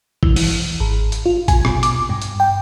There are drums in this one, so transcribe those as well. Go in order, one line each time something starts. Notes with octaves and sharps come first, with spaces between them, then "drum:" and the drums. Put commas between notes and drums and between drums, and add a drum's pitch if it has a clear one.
E3, drum: kick
E3, drum: open hi-hat
G#1
drum: hi-hat
F4
G#5, drum: kick, hi-hat
B2, drum: rim click
D6, drum: hi-hat
G2
drum: hi-hat
G5